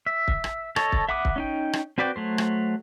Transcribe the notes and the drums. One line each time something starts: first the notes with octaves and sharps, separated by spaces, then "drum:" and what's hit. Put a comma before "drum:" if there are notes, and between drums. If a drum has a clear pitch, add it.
E5
drum: kick
drum: rim click
A4 C#5 D#5 A5, drum: rim click
drum: kick
E5 F#5 B5 D6 D#6
drum: kick
C#4 D#4 G5
drum: rim click
C4 F#4 B4 D5 G5
F#3 A3 C5
drum: rim click